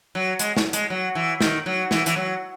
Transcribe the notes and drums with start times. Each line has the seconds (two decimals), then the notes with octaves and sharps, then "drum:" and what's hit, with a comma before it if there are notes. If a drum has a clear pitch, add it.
0.15 F#3
0.39 G#3, drum: hi-hat
0.57 drum: snare
0.73 G#3, drum: hi-hat
0.90 F#3
1.15 E3
1.41 D#3, drum: snare
1.66 F#3
1.91 E3, drum: snare
2.06 E3, drum: hi-hat
2.16 F#3